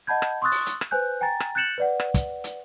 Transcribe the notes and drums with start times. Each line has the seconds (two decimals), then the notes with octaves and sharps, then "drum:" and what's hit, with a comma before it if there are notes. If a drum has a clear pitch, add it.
0.07 D#5 F#5 A5 B5 G6 G#6
0.22 drum: rim click
0.42 C6 C#6 D#6 E6 F#6 A6
0.52 drum: open hi-hat
0.66 drum: hi-hat
0.81 drum: rim click
0.91 B4 C5 G#5 F#6 G6
1.21 G5 G#5 A#5 A6
1.40 drum: rim click
1.55 F#6 G6 A6 C#7 E7 F#7
1.78 B4 D5 F#5
2.00 drum: rim click
2.14 drum: kick, hi-hat
2.44 drum: hi-hat